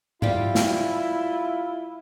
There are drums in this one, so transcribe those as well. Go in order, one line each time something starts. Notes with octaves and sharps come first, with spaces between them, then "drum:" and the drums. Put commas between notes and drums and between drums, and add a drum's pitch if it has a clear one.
G3 E4 F4 G4 F5, drum: tom G#2
drum: snare